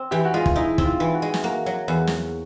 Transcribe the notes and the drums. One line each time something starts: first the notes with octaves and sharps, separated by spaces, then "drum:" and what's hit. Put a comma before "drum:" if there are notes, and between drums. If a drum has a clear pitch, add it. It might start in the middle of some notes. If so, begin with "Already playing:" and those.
Already playing: C4
E3 G4
F#4
G#3 F4
drum: kick
D#4 E4
C4, drum: kick
F4
E3
F#4
G#3
drum: snare
A#3 F#4
F#3
E2
drum: snare